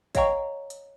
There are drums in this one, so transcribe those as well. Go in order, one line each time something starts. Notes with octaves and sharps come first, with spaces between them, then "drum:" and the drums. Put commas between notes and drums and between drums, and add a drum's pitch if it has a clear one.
C#5 D#5 F5 G5 A#5 C#6, drum: kick, hi-hat
drum: hi-hat